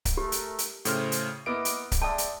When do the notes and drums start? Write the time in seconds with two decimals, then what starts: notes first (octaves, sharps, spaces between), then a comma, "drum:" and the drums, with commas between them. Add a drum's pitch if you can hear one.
0.05 drum: kick C#1, hi-hat
0.17 A3 G4 A#4
0.32 drum: hi-hat
0.59 drum: hi-hat
0.85 A2 C#3 C5 F6, drum: hi-hat
1.12 drum: hi-hat
1.46 A#3 B3 E4 D#5 D6 D7
1.65 drum: hi-hat
1.92 drum: kick C#1, hi-hat
2.02 G#3 D5 E5 G5 A5 D#6
2.18 drum: hi-hat